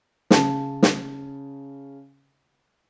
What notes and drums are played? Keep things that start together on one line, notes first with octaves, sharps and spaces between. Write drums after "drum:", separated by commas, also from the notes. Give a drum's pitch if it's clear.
C#3 A5, drum: snare
drum: snare